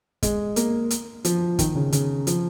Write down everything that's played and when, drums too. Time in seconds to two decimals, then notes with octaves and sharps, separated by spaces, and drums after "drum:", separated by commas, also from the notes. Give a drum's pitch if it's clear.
0.23 G#3, drum: kick, hi-hat
0.56 A#3, drum: hi-hat
0.90 drum: hi-hat
1.25 F3, drum: hi-hat
1.59 D#3, drum: kick, hi-hat
1.75 C#3
1.92 C#3, drum: hi-hat
2.27 F3, drum: hi-hat